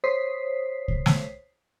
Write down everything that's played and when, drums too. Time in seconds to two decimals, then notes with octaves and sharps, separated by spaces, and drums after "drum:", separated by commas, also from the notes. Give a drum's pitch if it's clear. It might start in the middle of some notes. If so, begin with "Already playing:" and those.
0.04 C5 C#5 D#6 B6 C7
0.88 drum: kick C2
1.06 drum: snare